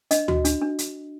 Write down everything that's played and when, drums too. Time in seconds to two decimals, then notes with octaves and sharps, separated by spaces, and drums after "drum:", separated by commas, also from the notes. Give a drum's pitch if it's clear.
0.11 D4 D#5, drum: hi-hat
0.28 F#4, drum: tom D2
0.45 D4, drum: hi-hat
0.62 D4
0.79 drum: hi-hat